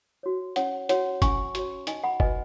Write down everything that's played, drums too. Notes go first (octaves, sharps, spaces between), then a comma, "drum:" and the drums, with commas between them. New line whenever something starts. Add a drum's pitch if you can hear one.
F#4 C#5
C#4 C#5 F#5, drum: hi-hat
F#4 C#5 F#5, drum: hi-hat
C#4 G#5 C#6, drum: kick, hi-hat
F#4 C#5, drum: hi-hat
D#4 D#5 G#5, drum: hi-hat
F#5 B5
F#4 B4 D#5 G#5, drum: kick